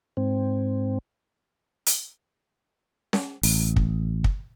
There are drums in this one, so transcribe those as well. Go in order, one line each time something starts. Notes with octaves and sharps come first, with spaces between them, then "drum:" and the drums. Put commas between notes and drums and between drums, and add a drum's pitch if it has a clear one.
G#2 C4
drum: hi-hat
drum: snare C#4
A1, drum: open hi-hat
drum: kick
drum: kick